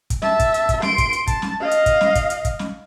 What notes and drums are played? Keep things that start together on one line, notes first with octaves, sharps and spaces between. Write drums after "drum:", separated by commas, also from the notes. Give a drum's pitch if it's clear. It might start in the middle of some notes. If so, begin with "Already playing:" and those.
drum: kick, hi-hat
E5 A5, drum: snare
drum: kick, hi-hat
drum: hi-hat
drum: kick, hi-hat
C6 D7, drum: snare
drum: kick, hi-hat
drum: hi-hat
A5, drum: kick, hi-hat
drum: snare
D#5 F5
drum: hi-hat
drum: kick, hi-hat
drum: snare
drum: kick, hi-hat
drum: hi-hat
drum: kick, hi-hat
drum: snare